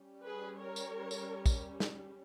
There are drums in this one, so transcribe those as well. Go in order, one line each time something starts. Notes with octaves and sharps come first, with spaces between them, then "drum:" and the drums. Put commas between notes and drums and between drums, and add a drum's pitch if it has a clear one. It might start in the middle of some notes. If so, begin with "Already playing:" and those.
Already playing: G3 C#4
G#4 B4
A#4 C#5
drum: tambourine
drum: tambourine
drum: kick, tambourine
drum: snare